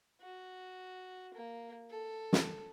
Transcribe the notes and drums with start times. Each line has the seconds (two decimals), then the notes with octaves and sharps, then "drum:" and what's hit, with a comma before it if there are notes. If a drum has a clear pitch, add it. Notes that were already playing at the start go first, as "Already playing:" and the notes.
0.21 F#4
1.34 A#3
1.90 A4
2.33 drum: snare